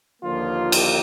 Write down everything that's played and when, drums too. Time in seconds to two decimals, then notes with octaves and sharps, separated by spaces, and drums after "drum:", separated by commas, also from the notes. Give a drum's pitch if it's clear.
0.22 D#2 D3 F3 A#3 F4
0.72 G4, drum: cymbal